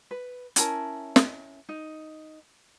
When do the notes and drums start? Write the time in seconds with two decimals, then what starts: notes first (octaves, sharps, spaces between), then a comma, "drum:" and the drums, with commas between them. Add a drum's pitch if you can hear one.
0.11 B4
0.56 C#4 E4 A#4 A5, drum: hi-hat
1.16 drum: snare
1.69 D#4